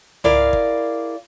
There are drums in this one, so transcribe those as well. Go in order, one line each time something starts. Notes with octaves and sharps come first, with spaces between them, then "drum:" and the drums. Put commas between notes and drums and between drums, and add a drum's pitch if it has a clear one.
E4 G#4 A#4 D5 F5, drum: tom
drum: kick